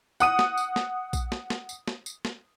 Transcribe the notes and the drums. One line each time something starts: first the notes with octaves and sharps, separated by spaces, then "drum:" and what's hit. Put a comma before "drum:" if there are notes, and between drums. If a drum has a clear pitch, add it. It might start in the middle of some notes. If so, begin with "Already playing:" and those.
F#5 D#6 D#7, drum: tambourine
drum: snare
drum: tambourine
drum: snare
drum: kick A#1, tambourine
drum: snare
drum: snare
drum: tambourine
drum: snare
drum: tambourine
drum: snare